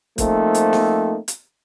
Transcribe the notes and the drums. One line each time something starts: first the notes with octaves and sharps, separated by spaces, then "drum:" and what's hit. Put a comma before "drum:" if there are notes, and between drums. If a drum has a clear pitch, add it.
F3 A3 A#3 C4 D#4, drum: kick, hi-hat
drum: hi-hat
drum: snare
drum: hi-hat